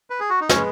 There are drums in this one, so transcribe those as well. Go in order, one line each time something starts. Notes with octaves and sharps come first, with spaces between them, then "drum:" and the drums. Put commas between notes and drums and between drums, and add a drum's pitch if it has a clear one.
B4
G#4
F#4
D#4
G#3 B3 C#4, drum: snare